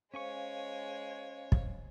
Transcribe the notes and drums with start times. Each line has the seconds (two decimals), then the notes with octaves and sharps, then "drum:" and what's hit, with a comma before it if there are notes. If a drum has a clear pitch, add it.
0.14 G#3 C#4 C5 C#5 F5 G#5 C#6
1.52 drum: kick